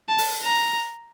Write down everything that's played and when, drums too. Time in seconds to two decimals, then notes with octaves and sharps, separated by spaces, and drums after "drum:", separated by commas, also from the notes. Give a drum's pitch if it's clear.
0.09 A5
0.18 drum: open hi-hat
0.44 A#5